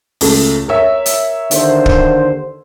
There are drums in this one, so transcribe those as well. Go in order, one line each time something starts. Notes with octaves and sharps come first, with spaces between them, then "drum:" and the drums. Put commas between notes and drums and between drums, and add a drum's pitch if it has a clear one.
C#2 A3, drum: open hi-hat
A#4 C#5 E5
drum: hi-hat
D#2 D3 C5, drum: hi-hat
drum: kick